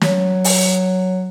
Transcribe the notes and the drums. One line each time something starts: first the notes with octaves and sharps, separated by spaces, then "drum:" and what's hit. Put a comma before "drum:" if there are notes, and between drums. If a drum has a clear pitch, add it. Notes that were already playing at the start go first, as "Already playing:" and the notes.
F#3, drum: snare
drum: open hi-hat